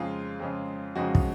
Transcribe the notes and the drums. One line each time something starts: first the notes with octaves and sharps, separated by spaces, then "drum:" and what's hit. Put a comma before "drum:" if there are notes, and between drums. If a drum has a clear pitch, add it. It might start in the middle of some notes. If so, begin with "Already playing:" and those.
Already playing: F2 C#3 G#3 F4 G#4
F2 C#3 G#3
F2 C#3 G#3 D#4 F#4
drum: kick